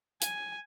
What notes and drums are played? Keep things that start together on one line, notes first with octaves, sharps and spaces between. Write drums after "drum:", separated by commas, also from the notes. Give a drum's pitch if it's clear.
G#5, drum: hi-hat